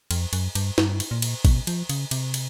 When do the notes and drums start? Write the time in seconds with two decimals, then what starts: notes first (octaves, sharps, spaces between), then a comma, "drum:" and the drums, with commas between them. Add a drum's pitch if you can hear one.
0.11 F2, drum: cymbal
0.33 F#2, drum: cymbal
0.55 G2, drum: cymbal
0.78 G2, drum: snare
1.00 drum: cymbal
1.11 A#2
1.22 drum: cymbal
1.45 B2, drum: kick G#1, cymbal
1.67 F3, drum: cymbal
1.89 C#3, drum: cymbal
2.11 C3, drum: cymbal
2.34 drum: cymbal